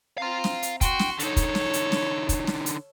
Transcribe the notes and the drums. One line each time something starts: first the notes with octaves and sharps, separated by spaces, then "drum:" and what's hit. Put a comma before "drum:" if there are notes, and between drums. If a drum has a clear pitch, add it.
C4 F5 A#5 C6
drum: snare
drum: hi-hat
F#4 G5 C6, drum: kick, hi-hat
drum: snare
D3 D#4 A4 C#5, drum: hi-hat
drum: kick, hi-hat
drum: snare
drum: hi-hat
drum: snare
drum: kick, hi-hat
drum: snare
drum: hi-hat